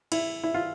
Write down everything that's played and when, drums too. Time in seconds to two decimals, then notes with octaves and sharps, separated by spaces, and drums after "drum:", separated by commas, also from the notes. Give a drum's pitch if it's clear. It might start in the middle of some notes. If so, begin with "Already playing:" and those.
0.12 E4, drum: cymbal
0.44 E4
0.54 F4